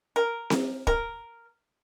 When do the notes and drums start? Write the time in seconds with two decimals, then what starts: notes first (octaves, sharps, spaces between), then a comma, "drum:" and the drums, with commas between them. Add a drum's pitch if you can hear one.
0.16 A#4
0.50 drum: snare C4
0.87 A#4, drum: kick